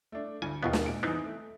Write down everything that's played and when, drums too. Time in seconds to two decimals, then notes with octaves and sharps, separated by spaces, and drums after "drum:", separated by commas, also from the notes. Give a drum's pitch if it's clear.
0.12 A3 D4
0.42 D2 G#5
0.63 D#2 B2 E3 B3 F4 D#5
0.73 drum: snare
0.84 A#2 G#3 D7
1.03 E2 E3 B3 C4 D#4
1.24 A3